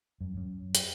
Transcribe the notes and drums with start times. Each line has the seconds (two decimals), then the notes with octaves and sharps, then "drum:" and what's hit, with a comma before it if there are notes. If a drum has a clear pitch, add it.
0.20 F#2
0.37 F#2
0.75 drum: hi-hat